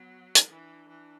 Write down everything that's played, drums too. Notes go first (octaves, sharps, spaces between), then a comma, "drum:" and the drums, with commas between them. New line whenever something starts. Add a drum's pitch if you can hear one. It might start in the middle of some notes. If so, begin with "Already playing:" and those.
Already playing: F#3 B3
drum: hi-hat
E3 D4
E3